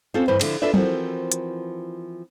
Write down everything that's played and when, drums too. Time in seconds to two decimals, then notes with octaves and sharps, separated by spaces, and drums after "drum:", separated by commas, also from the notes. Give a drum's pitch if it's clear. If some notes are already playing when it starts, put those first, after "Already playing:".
0.14 C4 C#4 F4 A4
0.28 D2 G2 E3 B4 C5
0.41 D3 F3 E4, drum: cymbal
0.62 D4 F4 A4 B4 D5 E5
0.74 E3 F3 C4 F#4 A#4, drum: tom F#3
1.32 drum: hi-hat